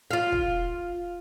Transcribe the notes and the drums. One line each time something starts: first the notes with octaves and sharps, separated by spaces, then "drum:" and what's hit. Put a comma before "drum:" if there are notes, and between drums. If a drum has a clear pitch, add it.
F4 F5
drum: kick